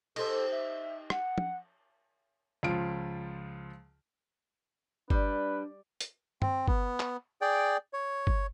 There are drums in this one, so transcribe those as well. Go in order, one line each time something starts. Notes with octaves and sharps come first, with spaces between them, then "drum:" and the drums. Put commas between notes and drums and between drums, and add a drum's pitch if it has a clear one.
D#4 G4 A4 C5, drum: cymbal
E5
F#5, drum: rim click
drum: tom
C#2 F3 F4 D7
G3 D4 B4, drum: kick G1
drum: hi-hat
C4, drum: tom
B3, drum: kick G1
drum: clap
G#4 D5 G5
C#5
drum: kick G1